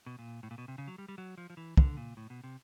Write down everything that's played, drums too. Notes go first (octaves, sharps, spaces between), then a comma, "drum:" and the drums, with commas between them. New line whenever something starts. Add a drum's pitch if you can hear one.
B2
A#2
A2
A#2
B2
C3
C#3
F#3
G3
G3
F#3
F3
F3
E3
D3, drum: kick
A#2
A2
B2
C3